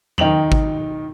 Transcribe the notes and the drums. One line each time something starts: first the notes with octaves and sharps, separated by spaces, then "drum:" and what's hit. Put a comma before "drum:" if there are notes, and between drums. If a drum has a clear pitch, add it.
D#3 D#4 G5 F7 F#7, drum: tom
drum: kick G#1